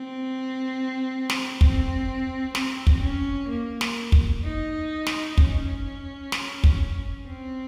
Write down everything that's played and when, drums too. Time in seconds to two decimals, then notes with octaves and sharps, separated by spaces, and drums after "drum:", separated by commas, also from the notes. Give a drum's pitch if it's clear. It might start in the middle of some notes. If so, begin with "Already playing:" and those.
Already playing: C4
1.30 drum: snare
1.61 C4, drum: kick
2.55 C4, drum: snare
2.87 drum: kick
3.03 C#4
3.49 A#3
3.81 drum: snare
4.12 drum: kick
4.43 D#4
5.07 drum: snare
5.38 C#4, drum: kick
6.32 drum: snare
6.64 drum: kick
7.27 C4